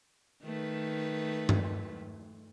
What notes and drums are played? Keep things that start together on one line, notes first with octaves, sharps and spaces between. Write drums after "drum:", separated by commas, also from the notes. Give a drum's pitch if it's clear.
D#3 A3 B4
drum: tom G2